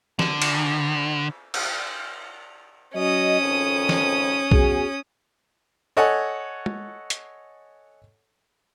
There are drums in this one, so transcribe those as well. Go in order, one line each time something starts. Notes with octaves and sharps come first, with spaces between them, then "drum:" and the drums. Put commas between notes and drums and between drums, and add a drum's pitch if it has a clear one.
D3, drum: snare
drum: cymbal
drum: cymbal
F#3 C#4 D#5 D#6
G#1 F2
drum: snare
B3 F#4 G#4, drum: kick B1
A4 C#5 D#5 F#5 G#5
drum: tom G#3
drum: hi-hat